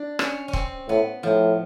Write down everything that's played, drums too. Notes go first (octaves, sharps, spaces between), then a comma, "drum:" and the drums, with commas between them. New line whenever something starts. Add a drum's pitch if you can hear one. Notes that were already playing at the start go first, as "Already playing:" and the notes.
Already playing: D4
C#4, drum: rim click
C#4
C4, drum: kick
A2 B3
A2 F3